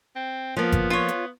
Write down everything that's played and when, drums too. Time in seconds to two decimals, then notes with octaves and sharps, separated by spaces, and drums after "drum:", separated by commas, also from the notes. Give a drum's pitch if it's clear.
0.16 C4
0.57 F3 A#3 B3
0.72 drum: kick G1, hi-hat
0.90 F4 C#5
1.08 drum: hi-hat